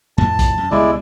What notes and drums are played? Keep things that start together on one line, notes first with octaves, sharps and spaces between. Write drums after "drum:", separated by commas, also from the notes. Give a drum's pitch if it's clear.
F2 A2 A5
drum: kick, hi-hat
F#2
C#2 B2 G3 G#3 E4 D5